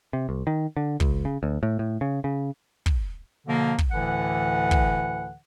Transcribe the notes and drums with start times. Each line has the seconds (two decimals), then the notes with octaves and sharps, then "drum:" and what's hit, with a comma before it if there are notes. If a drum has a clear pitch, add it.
0.13 C3
0.29 C2
0.47 D#3
0.77 D3
1.00 C#2, drum: kick
1.25 C#3
1.43 D2
1.63 A2
1.79 A2
2.01 C#3
2.24 C#3
2.86 drum: kick
3.47 B2 D3 F3 A#3
3.78 drum: kick
3.91 D2 A2 D3 E3 F#5
4.71 drum: kick